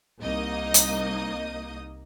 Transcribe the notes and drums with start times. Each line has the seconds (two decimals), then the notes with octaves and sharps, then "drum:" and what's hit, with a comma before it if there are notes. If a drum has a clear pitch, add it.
0.21 C2 A#3 D#4 D#5 D#6
0.74 drum: hi-hat